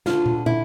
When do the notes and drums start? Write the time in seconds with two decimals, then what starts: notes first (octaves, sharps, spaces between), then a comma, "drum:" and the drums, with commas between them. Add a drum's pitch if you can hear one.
0.06 D2 D3 F4, drum: snare
0.26 drum: tom
0.46 D3 E4, drum: tom